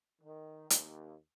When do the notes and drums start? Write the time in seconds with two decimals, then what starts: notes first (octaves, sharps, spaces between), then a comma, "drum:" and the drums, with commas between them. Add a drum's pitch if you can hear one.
0.22 D#3
0.70 D#2, drum: hi-hat